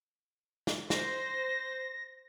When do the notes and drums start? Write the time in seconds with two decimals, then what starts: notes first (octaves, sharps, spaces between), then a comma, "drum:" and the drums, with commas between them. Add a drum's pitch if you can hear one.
0.67 drum: snare
0.90 C5 A#6, drum: snare